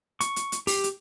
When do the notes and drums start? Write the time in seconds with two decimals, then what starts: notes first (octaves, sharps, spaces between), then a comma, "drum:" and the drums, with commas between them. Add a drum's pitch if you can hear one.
0.21 C#6, drum: hi-hat
0.36 drum: hi-hat
0.52 drum: hi-hat
0.67 G4, drum: open hi-hat
0.84 drum: hi-hat